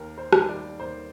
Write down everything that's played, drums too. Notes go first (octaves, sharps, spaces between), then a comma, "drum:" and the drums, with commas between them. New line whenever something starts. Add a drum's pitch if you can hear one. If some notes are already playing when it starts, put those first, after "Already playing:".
Already playing: D#2 A#4
C5
D#3, drum: rim click
G3
D5
D#2 C5